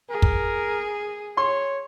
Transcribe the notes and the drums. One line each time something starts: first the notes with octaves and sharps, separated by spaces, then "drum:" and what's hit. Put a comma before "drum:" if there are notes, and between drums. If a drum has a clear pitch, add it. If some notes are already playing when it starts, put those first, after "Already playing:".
G#4 A#4
drum: kick
C#5 C6